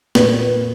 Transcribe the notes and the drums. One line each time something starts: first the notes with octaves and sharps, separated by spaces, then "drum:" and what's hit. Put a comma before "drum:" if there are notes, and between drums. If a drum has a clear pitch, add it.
A#2 B4, drum: snare